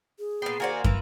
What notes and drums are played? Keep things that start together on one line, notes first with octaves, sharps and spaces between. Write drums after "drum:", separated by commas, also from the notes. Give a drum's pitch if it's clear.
G#4
A#2 B3 G5 C7
D#3 A#3 F#4 C5 D5 G#5
F#2 A#2 E3 E4, drum: kick